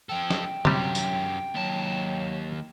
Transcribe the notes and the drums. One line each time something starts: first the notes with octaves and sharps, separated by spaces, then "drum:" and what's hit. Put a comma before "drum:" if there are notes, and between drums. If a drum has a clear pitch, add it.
F3 A4 G5
drum: snare
F#2 C3 F#3 G3 G4, drum: tom
drum: tambourine
D#2 F#3 A5